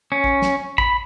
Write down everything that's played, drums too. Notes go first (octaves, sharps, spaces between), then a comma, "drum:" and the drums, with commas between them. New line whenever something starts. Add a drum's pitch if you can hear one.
C#4
drum: kick A1
drum: snare
B5, drum: kick A1